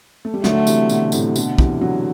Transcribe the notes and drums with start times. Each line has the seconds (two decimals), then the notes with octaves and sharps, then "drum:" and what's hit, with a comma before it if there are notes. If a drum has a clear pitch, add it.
0.25 A3
0.34 G3
0.44 D3 F#3 A3, drum: snare
0.67 C3 E3, drum: tambourine
0.89 B2 D3, drum: tambourine
1.12 A2 C3, drum: tambourine
1.36 B2 D3, drum: tambourine
1.58 C3 E3, drum: kick
1.81 D3 F#3